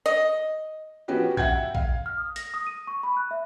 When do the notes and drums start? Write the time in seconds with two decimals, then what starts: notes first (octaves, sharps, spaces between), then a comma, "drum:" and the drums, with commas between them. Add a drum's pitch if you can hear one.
0.06 D#5
1.08 F3 B3 C#4 F#4 G4 B4
1.37 E5 F#5 G5 G#6, drum: kick
1.75 F5, drum: kick
2.06 F6
2.18 D#6
2.36 A#6, drum: hi-hat
2.54 D#6
2.67 D#7
2.87 C#6
3.03 B5
3.17 F#6
3.31 E5